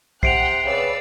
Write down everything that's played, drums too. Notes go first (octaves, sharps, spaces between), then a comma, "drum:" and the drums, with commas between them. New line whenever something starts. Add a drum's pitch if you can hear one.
C3 F#5 G5 C7 D7 F7, drum: kick
C#3 B4 D5 E6